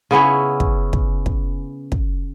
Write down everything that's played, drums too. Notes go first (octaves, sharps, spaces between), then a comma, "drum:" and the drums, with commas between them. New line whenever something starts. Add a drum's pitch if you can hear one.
C#3 B3 C#4 E4
drum: kick
drum: kick
drum: kick
drum: kick